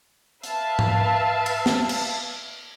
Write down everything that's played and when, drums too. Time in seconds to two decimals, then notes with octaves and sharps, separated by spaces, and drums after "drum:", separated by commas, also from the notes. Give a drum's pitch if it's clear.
0.43 B4 E5 F5 A5, drum: hi-hat
0.79 drum: tom G#2
1.46 drum: cymbal
1.66 drum: snare
1.89 drum: cymbal